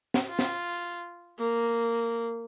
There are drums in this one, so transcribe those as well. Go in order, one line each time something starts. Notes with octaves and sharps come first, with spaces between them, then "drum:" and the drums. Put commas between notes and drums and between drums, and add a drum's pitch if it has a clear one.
drum: snare
F4
drum: snare
A#3